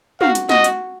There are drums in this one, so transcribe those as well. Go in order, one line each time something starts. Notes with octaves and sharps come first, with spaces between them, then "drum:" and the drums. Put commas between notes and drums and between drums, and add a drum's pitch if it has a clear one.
F#4 F5, drum: tom
drum: hi-hat
F#4 D#5, drum: snare
drum: hi-hat